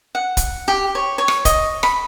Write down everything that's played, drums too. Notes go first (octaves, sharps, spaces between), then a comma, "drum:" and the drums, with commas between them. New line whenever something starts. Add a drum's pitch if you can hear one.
F#5
drum: kick, hi-hat
G4
C#5
C#5
drum: rim click
D#5, drum: kick, hi-hat
B5, drum: rim click